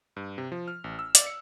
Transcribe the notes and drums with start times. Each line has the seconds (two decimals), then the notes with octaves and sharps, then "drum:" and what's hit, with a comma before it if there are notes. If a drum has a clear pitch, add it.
0.16 G2
0.38 C3
0.52 F3
0.68 F6
0.84 A1
0.99 E6
1.15 D5, drum: hi-hat
1.27 C#7